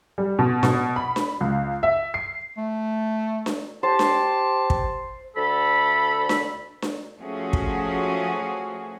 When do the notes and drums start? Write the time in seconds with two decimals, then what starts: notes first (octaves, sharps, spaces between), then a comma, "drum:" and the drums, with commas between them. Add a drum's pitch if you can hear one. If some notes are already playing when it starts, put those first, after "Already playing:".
0.18 G3
0.39 B2
0.63 B2, drum: snare D4
0.96 B5
1.16 drum: snare D4
1.41 C#2
1.83 E5
2.14 C7
2.58 A3
3.46 drum: snare D4
3.83 G4 C5 A5
3.99 drum: snare D4
4.70 drum: kick
5.36 D2 A4 B5
6.29 drum: snare D4
6.82 drum: snare D4
7.18 F3 A3 C#4 F#4 G#4
7.53 drum: kick